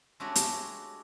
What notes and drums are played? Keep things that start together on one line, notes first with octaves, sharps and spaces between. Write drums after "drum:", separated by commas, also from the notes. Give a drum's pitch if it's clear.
G#3 A3 D4 F#4 G4 C#5
drum: hi-hat